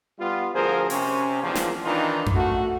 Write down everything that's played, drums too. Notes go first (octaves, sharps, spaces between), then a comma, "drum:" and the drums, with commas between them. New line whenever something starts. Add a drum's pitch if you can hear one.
G3 B3 F4
D2 F3 G#4 A#4 C5
C3 C#4, drum: open hi-hat
E2 A#2 D#3 F3
drum: snare
D#3 E3 D4 D#4 F4
drum: tom F2
A3 F#4